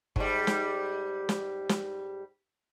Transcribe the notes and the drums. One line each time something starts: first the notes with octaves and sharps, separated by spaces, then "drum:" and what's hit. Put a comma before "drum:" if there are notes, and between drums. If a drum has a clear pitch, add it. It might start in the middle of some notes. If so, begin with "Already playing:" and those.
G#2 G3, drum: kick
drum: snare
drum: snare
drum: snare